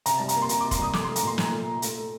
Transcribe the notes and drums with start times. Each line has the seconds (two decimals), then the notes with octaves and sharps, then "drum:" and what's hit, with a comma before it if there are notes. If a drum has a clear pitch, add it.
0.06 C3 A#5, drum: hi-hat
0.18 G3 A5
0.29 A#5, drum: hi-hat
0.35 A#3
0.42 C6
0.49 C3 A#5, drum: hi-hat
0.61 D6
0.64 C3
0.71 C6, drum: kick, hi-hat
0.79 G3 D#6
0.93 A3 D6, drum: snare
1.04 C6
1.09 A3
1.16 A#5, drum: hi-hat
1.23 A#2 C6
1.38 A#2, drum: snare
1.52 A3
1.67 A3
1.82 A3, drum: hi-hat
1.97 A3